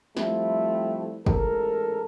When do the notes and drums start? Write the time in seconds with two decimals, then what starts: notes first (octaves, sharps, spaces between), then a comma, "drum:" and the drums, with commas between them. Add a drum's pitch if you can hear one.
0.17 F3 G3 A3 C4 E4, drum: snare
1.26 A1 G#2 A4 A#4, drum: kick